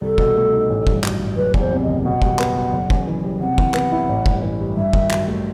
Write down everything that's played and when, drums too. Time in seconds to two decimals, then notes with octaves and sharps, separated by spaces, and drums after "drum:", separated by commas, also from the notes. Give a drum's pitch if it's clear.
0.01 C2 A4
0.18 B2, drum: kick
0.35 A3
0.52 D#4
0.70 A1
0.87 G2, drum: kick
1.04 F#3, drum: clap
1.21 A1
1.37 F#1 B4
1.54 E2, drum: kick
1.60 C5
1.71 C3
1.83 D#5
1.88 F#1
2.05 B2 F#5
2.22 G3, drum: kick
2.39 B3, drum: clap
2.55 B2
2.73 F#1
2.90 F#2, drum: kick
3.07 E3
3.24 G3
3.40 C3 F#5
3.58 E3, drum: kick
3.74 B3, drum: clap
3.92 E4
4.09 A1
4.26 G2, drum: kick
4.42 E3
4.60 G3
4.76 G2 E5
4.93 D#3, drum: kick
5.10 F#3, drum: clap
5.28 A3